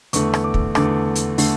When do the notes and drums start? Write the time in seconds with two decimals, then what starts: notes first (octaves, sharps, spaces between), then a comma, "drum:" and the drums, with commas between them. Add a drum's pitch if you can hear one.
0.13 E2 D3 A3 C#6, drum: hi-hat
0.34 drum: rim click
0.44 D6
0.54 drum: kick
0.75 E2 D3 A3 D6, drum: rim click
1.15 drum: hi-hat
1.38 D3 A3, drum: open hi-hat